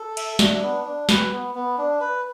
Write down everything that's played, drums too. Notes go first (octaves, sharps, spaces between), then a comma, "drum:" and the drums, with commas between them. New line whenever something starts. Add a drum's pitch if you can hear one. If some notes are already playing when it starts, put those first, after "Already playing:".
Already playing: A4
E5, drum: cymbal
D4, drum: snare
B3
D4
B4, drum: snare
B3
B3
D4
B4